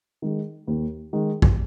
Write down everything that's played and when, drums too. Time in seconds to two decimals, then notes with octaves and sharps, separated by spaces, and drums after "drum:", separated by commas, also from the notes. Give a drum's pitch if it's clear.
0.22 D#3 G#3
0.67 D#2
1.13 D#3 G#3
1.42 drum: kick A1